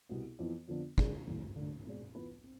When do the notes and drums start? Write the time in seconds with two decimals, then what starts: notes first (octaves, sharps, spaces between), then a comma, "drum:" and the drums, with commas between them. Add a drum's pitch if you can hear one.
0.09 C2 B2 B3
0.39 F2 E3 B3
0.68 F2 D3 F3 B3 D4
0.98 D3 G#3 D4 G#4 D5, drum: kick
1.27 F1 E2 D3
1.56 D3 A3 D4
1.86 B2 G#3 C4 G#4 D5
2.15 E3 B3 F4 B4
2.44 C4